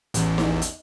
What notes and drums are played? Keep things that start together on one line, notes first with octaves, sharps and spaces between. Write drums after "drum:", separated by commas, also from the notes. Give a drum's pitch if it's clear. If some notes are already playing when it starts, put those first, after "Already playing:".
A1 E2, drum: hi-hat
drum: snare
drum: hi-hat